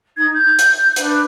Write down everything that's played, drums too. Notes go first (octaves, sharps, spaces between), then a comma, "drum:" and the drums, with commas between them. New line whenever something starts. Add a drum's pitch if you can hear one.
D#4 G#6
G6
drum: hi-hat
D4 B4, drum: hi-hat